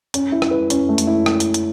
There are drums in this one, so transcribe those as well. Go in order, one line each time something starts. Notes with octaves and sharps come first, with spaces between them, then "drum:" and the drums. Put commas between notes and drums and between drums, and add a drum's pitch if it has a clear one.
C#4, drum: hi-hat
E4
drum: rim click
B4
C#4, drum: hi-hat
A3
drum: hi-hat
E4
drum: rim click
drum: hi-hat
drum: hi-hat